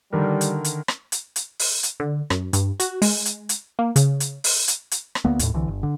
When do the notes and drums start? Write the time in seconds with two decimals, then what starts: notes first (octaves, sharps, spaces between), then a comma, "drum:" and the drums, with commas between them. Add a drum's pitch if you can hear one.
0.13 D3 D#3 G3 A#4
0.41 drum: hi-hat
0.65 drum: hi-hat
0.88 drum: rim click
1.12 drum: hi-hat
1.36 drum: hi-hat
1.59 drum: open hi-hat
1.83 drum: hi-hat
2.00 D3
2.30 F#2, drum: rim click
2.53 G2, drum: hi-hat
2.80 F#4, drum: hi-hat
3.02 G#3, drum: open hi-hat
3.25 drum: hi-hat
3.49 drum: hi-hat
3.79 A#3
3.96 C#3, drum: hi-hat
4.20 drum: hi-hat
4.44 drum: open hi-hat
4.68 drum: hi-hat
4.91 drum: hi-hat
5.15 drum: rim click
5.25 D2 A#3 B3
5.39 D#2 A2, drum: hi-hat
5.54 C2 D3 E3
5.68 G1
5.83 D3